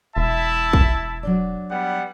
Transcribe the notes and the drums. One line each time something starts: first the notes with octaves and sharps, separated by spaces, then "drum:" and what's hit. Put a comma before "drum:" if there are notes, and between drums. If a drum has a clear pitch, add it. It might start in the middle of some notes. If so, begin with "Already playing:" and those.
E1 E4 E5 A5
drum: kick A#1
F#3 D4 D5
G3 B3 F#5